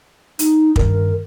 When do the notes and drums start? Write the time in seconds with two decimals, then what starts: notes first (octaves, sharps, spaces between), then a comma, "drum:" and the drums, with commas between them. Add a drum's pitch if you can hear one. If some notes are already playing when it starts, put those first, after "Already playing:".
0.39 D#4, drum: hi-hat
0.76 G2 D#3 A#4, drum: kick